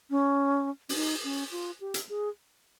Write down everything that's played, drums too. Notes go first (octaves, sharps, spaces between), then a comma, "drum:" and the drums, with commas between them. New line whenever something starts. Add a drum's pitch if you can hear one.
C#4
C#4, drum: open hi-hat
D#4
C#4
F4
G4
drum: hi-hat
G#4